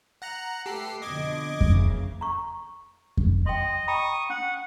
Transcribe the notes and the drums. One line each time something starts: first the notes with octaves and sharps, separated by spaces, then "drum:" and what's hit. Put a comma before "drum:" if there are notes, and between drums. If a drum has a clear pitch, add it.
F#5 A#5 F#6
A3 G4 A4 B4 C7
F2 B2 D3 D#5 D6 G#6
drum: kick F2
C#3 E3 A#3
A#5 C#6
drum: kick F2
D#5 G5 C6
G5 A#5 B5 C#6 D#6
C#4 F#5